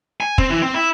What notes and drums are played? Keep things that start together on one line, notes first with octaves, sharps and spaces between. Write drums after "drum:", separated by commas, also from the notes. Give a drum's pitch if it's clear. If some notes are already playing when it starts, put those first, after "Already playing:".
G#5
C4, drum: kick
E3
C4
E4